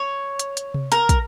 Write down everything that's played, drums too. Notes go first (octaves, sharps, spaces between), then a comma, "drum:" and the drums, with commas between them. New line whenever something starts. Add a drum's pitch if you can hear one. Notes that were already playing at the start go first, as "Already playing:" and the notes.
Already playing: C#5
drum: hi-hat
drum: hi-hat
drum: tom C3
A#4, drum: hi-hat
drum: kick, hi-hat